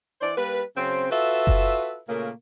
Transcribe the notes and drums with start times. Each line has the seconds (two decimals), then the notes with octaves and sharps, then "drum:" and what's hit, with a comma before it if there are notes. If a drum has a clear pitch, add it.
0.21 E3 C5 D5
0.37 G3 A#3 B4
0.76 C#3 F#3 C4
1.10 F4 F#4 A4 B4 E5
1.47 drum: kick F#1
2.08 A#2 C#3 A3 A#3